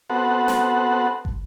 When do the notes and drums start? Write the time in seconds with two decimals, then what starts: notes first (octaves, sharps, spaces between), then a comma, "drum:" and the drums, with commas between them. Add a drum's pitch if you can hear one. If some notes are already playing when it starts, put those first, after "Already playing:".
0.10 B3 C4 F#4 A4 F#5
0.48 drum: snare
1.25 drum: kick